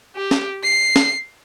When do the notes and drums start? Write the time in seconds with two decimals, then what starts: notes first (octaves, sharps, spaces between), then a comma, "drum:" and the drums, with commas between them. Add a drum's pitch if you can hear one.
0.16 G4
0.31 drum: snare
0.63 C7
0.96 drum: snare